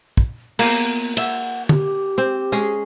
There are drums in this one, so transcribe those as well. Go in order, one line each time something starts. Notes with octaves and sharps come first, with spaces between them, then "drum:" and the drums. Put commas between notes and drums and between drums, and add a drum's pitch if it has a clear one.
drum: kick
A#3 B3, drum: cymbal
E5 F#5, drum: cymbal
G4, drum: tom
C4
G#3 C#4 G#4